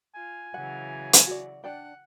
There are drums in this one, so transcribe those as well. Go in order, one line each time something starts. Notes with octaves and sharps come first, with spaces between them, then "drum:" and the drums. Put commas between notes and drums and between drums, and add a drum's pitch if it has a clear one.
F4 G#5
C#3 E3 F#3 F#5
drum: hi-hat
F#4 D5
D4 D5 F#5 G5